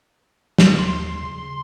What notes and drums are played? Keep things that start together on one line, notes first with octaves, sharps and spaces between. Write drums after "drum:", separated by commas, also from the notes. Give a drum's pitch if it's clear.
drum: snare
D#2 C6
C#3